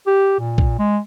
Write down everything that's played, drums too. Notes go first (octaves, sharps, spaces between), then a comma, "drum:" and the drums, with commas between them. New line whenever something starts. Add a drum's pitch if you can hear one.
G4
A#2
drum: kick
G#3